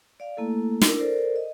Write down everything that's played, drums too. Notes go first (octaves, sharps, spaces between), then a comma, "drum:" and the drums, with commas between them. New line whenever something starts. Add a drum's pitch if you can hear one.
D5 F5
A3 A#3 E4 A4
D4 E4 A#4, drum: snare
A4 A#4 C5 D5
D#5